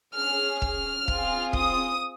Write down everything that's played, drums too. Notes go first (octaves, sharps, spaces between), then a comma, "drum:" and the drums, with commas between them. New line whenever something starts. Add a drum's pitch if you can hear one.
C#4 G#4 F6
F6, drum: kick
C4 F4 G#4, drum: kick
D#6, drum: kick